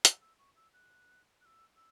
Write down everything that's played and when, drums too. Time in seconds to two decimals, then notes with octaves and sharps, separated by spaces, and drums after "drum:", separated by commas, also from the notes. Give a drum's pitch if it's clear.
0.05 E6, drum: hi-hat
0.21 E6
0.39 C#6
0.56 E6
0.73 F#6
1.41 F#6
1.45 E6
1.76 E6